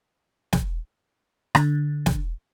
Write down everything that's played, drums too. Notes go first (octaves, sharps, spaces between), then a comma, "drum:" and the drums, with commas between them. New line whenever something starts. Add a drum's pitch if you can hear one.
drum: snare
D3, drum: rim click
drum: snare